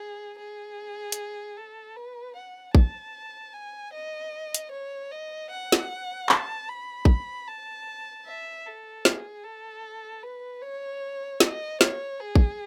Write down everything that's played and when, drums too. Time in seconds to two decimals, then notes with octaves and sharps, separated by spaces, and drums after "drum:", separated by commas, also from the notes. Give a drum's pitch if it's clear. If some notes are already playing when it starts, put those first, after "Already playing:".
Already playing: G#4
0.38 G#4
1.12 drum: hi-hat
1.57 A4
1.96 B4
2.36 F#5
2.75 A5, drum: kick A1
3.54 G#5
3.93 D#5
4.54 drum: hi-hat
4.72 C#5
5.11 D#5
5.50 F#5
5.72 drum: snare
6.29 A5, drum: clap
6.69 B5
7.05 drum: kick A1
7.48 A5
8.25 E5
8.66 A4
9.05 G#4, drum: snare
9.44 A4
10.23 B4
10.62 C#5
11.40 D#5, drum: snare
11.81 C#5, drum: snare
12.20 G#4
12.35 drum: kick A1